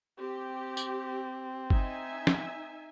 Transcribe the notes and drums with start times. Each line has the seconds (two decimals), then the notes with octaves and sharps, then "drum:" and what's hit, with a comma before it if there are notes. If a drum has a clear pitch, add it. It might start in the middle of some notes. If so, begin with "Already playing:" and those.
0.18 C4 G4
0.77 drum: tambourine
1.70 D#4 E5 G#5, drum: kick G1
2.27 drum: snare